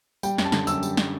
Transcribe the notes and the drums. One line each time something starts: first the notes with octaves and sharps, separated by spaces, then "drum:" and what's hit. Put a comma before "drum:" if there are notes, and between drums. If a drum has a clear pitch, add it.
G3 G5, drum: tambourine
F#2, drum: snare
A5
D3, drum: snare
F#2 E6, drum: tambourine
G3, drum: tambourine
drum: snare